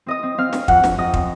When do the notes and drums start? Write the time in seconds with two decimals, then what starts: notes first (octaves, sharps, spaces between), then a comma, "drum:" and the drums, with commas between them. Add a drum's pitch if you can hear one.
0.06 C4 D#5 D#6
0.23 C4
0.38 C4 F5 F6
0.53 C4, drum: snare
0.68 F2 F#5 F#6, drum: kick
0.84 F2, drum: snare
0.98 F2 D#5 D#6
1.14 C4, drum: kick